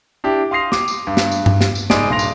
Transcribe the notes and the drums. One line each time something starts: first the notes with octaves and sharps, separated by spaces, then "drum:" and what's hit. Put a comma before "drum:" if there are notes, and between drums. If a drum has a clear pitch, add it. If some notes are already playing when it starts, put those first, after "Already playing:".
D4 E4 G4
F5 C6 D#6 A#6 C7 F7
D6, drum: snare
drum: tambourine
G2
drum: snare
drum: tambourine
drum: tom G2
drum: snare
drum: tambourine
F#1 G#2 G#3 D5 D#6 D7, drum: snare
D#1 G2 C6 A#6 F7
drum: tambourine